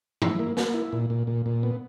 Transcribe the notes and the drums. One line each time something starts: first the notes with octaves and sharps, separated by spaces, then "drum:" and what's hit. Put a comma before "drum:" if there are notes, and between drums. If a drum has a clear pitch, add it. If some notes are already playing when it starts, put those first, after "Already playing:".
E4, drum: tom
A#3
A#3, drum: snare
E4
A#2
A#2
A#2
A#2
B3